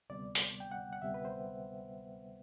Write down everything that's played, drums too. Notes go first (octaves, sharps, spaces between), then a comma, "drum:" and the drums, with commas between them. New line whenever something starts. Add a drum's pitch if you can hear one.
D2 C3 G3 B3 D5
drum: open hi-hat
G5
F#5
F#5
D2 C3 G3 B3 E5
B4
C5